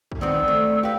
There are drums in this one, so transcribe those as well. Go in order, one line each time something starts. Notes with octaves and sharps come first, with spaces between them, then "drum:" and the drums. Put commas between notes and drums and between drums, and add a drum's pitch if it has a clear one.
drum: kick
D#3 B3 C4 D5 E6
A3
G4 B4 F5 G5